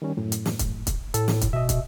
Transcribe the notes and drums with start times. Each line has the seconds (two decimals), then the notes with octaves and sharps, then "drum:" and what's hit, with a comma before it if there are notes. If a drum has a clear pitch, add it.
0.02 D#3 G3 C#4
0.17 F#2 A2
0.32 drum: hi-hat
0.46 drum: snare
0.59 drum: kick, hi-hat
0.87 drum: kick, hi-hat
1.14 A2 A4, drum: hi-hat
1.28 drum: snare
1.41 drum: kick, hi-hat
1.53 B2 D#5 E5
1.69 drum: kick, hi-hat